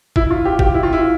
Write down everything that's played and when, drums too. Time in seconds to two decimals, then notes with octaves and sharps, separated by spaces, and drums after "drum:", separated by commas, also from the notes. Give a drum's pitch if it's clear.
0.16 E4, drum: kick G1
0.30 F4
0.45 G4
0.59 G4, drum: kick G1
0.74 E4
0.83 F4
0.93 E4